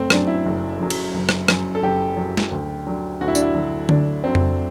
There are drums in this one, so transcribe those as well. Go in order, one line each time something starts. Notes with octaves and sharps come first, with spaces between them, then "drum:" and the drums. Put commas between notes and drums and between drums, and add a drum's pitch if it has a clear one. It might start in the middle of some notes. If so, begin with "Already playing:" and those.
Already playing: F#1 A3 C4
F#2 F#3 D4, drum: rim click
E4
F#1
F#2 F#3
drum: cymbal
F#1
drum: rim click
F#2 F#3, drum: rim click
A4
F#1 G4
F#2 F#3
drum: snare
D2
D3 F#3
D2 F#4
E4
D4, drum: tambourine
E4
D3 F#3
D2 D4, drum: tom D3
D3 F#3 C4
drum: tom F2